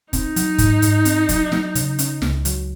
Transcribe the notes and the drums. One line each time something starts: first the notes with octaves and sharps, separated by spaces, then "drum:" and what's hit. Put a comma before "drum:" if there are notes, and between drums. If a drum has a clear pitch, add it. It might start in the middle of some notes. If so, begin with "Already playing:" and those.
C4 D#4, drum: kick, hi-hat
F#3, drum: hi-hat
G#2, drum: kick, hi-hat
G#2, drum: hi-hat
C4, drum: hi-hat
F#3, drum: kick, hi-hat
F#3, drum: snare
C#3, drum: hi-hat
C#4, drum: hi-hat
C#2, drum: snare
F#3, drum: hi-hat